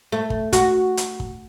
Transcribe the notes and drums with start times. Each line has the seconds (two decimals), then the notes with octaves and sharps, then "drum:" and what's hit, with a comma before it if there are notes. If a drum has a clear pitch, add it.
0.12 A3
0.30 drum: kick
0.53 F#4, drum: kick, hi-hat
0.97 drum: hi-hat
1.20 drum: kick